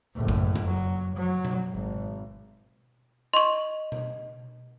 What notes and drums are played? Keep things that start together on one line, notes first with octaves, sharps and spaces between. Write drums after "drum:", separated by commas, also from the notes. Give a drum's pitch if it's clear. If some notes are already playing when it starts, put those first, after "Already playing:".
F#1 A2
drum: kick
drum: tom F2
F#3
F#3
drum: tom B2
G#1
D#5 C6 C#6
drum: tom B2